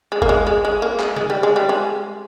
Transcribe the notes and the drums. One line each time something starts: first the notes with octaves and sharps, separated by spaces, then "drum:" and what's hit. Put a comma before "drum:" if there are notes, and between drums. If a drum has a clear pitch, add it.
G#3
A#3, drum: kick F#1
G#3
G#3
G#3
A#3
G#3, drum: clap
G#3, drum: tom C#3
G3
G#3
G3
G#3